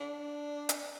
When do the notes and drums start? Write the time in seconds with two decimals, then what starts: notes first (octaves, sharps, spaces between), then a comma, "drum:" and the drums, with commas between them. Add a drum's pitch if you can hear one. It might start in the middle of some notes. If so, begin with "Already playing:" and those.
0.01 D4
0.69 drum: hi-hat